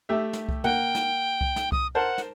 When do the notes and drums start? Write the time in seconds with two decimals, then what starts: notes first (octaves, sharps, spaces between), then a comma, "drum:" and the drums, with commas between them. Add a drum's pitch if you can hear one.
0.09 A3 G4 E5
0.33 drum: snare
0.49 drum: kick C2
0.64 A#3 F#5 G5, drum: tom
0.95 drum: snare
1.41 drum: kick C2
1.56 drum: snare
1.72 D#6, drum: kick C2
1.95 A#4 C5 F#5 A5
2.18 drum: snare